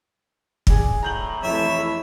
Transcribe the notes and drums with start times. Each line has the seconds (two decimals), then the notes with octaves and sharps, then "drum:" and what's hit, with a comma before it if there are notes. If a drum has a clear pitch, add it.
0.67 D4 G#4, drum: kick
1.03 A2 A#5 G6 F#7
1.43 F2 C3 E3 A3 C#5 E5